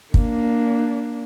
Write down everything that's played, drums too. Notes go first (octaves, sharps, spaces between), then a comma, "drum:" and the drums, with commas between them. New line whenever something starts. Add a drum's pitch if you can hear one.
A#3 D4, drum: kick